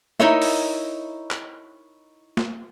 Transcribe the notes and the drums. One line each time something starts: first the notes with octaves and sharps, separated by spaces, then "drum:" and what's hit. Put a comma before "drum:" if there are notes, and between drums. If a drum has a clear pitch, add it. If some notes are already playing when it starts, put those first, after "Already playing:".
D#4 E4 A#4 C#5 D#5 E5, drum: snare
drum: open hi-hat
drum: clap
drum: snare